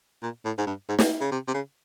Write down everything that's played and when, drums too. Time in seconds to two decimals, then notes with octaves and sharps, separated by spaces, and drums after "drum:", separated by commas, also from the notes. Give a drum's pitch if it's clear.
0.22 A#2
0.45 A2
0.58 G#2
0.67 G2
0.88 G#2
0.99 drum: snare
1.21 C#3
1.32 C3
1.48 C3
1.54 C#3